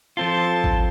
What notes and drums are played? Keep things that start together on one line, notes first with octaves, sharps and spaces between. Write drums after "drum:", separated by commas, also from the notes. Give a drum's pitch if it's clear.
F3 C4 F4 A4 A5
drum: kick G#1